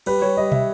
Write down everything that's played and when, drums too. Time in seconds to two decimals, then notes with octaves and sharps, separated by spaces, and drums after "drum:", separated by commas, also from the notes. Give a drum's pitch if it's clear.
0.06 G3 B4, drum: cymbal
0.21 G3 C#5
0.37 G3 D#5
0.52 E5, drum: tom